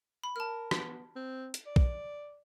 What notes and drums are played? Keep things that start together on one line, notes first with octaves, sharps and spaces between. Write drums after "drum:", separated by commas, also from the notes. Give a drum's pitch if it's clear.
B5
A#4 A5 F6
B3, drum: rim click
C4
drum: hi-hat
D5
drum: kick